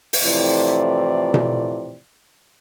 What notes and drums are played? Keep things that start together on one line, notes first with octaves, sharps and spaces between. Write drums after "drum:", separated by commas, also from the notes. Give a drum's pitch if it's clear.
drum: open hi-hat
F2 A2 C3 E3 F4 D5
drum: tom B2